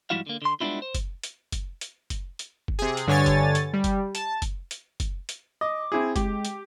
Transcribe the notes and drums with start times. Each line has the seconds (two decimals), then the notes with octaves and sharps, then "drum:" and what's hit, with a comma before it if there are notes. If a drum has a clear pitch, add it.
0.10 G#2 F3 G3 E4 F#4 F5
0.27 D3 A#3
0.42 D3 C6
0.60 G3 G#3 B3 D4 E4 F4
0.82 C5
0.95 drum: kick, hi-hat
1.23 drum: hi-hat
1.52 drum: kick, hi-hat
1.81 drum: hi-hat
2.10 drum: kick, hi-hat
2.39 drum: hi-hat
2.68 drum: kick
2.79 C3 G#4
2.97 drum: hi-hat
3.07 G2 D3 C#5 G#5 A6
3.26 drum: kick, hi-hat
3.55 drum: hi-hat
3.74 G3
3.84 drum: kick, hi-hat
4.15 A5, drum: hi-hat
4.42 drum: kick, hi-hat
4.71 drum: hi-hat
5.00 drum: kick, hi-hat
5.29 drum: hi-hat
5.61 D#5 D6
5.92 C4 E4 G#4
6.16 G#3 G4, drum: kick, hi-hat
6.45 drum: hi-hat